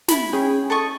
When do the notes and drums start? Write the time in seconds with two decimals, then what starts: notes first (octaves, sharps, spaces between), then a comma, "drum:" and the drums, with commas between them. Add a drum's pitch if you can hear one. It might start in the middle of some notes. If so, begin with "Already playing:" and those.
0.08 E4 A4 B5, drum: snare
0.33 C#4 G#4 G5
0.70 A4 D#5 C#6